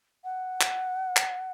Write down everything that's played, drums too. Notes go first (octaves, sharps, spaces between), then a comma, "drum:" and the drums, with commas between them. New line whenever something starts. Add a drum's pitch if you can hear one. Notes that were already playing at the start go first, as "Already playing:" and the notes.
F#5
drum: clap
drum: clap